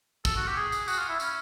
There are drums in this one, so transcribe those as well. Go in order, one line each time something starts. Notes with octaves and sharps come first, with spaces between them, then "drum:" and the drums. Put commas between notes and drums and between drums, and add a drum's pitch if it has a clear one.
A4, drum: kick, tambourine
F#4
G4
G#4
drum: tambourine
F#4, drum: tambourine
F4
E4
C#4, drum: tambourine